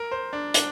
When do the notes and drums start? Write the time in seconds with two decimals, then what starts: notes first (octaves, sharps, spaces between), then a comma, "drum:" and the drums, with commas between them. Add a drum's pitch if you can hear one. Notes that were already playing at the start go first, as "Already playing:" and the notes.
Already playing: A#4
0.12 C5
0.33 D4
0.54 D4, drum: hi-hat